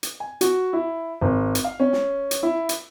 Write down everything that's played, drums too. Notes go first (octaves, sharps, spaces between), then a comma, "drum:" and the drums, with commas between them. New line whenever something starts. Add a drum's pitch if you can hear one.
drum: hi-hat
G#5
F#4, drum: hi-hat
E4
G#1
drum: hi-hat
F5
C#4
drum: snare
drum: hi-hat
E4
drum: hi-hat